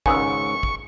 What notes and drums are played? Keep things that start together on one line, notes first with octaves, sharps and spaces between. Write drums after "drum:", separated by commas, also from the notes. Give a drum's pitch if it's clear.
G#1 C#2 G#2 G#5 C#6 D#6 E6, drum: kick
drum: kick